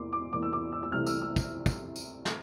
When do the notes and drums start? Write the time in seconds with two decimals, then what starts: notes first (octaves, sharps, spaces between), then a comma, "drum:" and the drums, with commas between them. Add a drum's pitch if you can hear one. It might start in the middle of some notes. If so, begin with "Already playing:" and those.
Already playing: E2 E3 A#3 C6 D6
0.13 D6
0.32 E2 E3 A#3 D6
0.43 E6
0.53 D6
0.72 E6
0.83 E6
0.92 C2 C3 E3 A3 F6
1.07 E6, drum: tambourine
1.22 E6
1.36 drum: kick, tambourine
1.66 drum: kick, tambourine
1.96 drum: tambourine
2.25 drum: snare